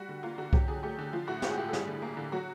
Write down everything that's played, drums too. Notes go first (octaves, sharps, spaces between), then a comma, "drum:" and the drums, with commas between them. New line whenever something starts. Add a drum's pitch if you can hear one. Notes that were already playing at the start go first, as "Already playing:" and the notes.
Already playing: G3 F#4
D3
A#3 F4
D3 F#4
F#3 G4, drum: kick C2
D3 G#4
A3 G4
D3
F3 F4
A2 F#4
G#3 G4, drum: snare
G#4
A2 G4
A4
G3 G#4, drum: snare
D3
A#3
D3
F#3 F#4